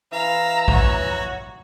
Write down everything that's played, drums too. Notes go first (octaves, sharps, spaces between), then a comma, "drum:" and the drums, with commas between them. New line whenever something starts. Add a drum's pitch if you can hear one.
E3 F5 A#5 E6
F#4 C#5, drum: kick A#1